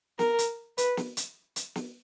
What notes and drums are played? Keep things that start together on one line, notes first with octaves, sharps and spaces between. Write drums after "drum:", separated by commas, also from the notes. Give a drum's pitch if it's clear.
A#4, drum: snare
drum: hi-hat
B4, drum: hi-hat
drum: snare
drum: hi-hat
drum: hi-hat
drum: snare